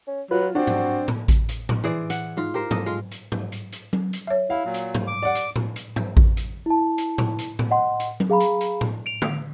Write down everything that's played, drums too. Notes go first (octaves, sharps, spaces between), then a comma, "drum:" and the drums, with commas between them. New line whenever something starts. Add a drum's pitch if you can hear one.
C#4
F#3 F4 B4
C4 D4 F#4
drum: tom G#2
drum: tom A2
drum: kick A1, hi-hat
drum: hi-hat
drum: tom A2
E3 G#4 C5 D5
F#5, drum: hi-hat
G#2 F4
G4 A#4 C5
A4 D#5, drum: tom G#2
G#3 F4
drum: hi-hat
drum: tom G#2
drum: hi-hat
drum: hi-hat
drum: tom F#3
drum: hi-hat
C#5 E5
E4 F5
A#2 F#3
drum: hi-hat
drum: tom G#2
D6
D5 F#5
drum: hi-hat
drum: tom A2
drum: hi-hat
drum: tom G#2
drum: kick A1
drum: hi-hat
E4 A5
drum: hi-hat
drum: tom A2
drum: hi-hat
drum: tom A2
D#5 F#5 C6
drum: hi-hat
drum: tom F#3
G#4 F5 A#5 B5
drum: hi-hat
drum: hi-hat
drum: tom A2
D7 F7
drum: tom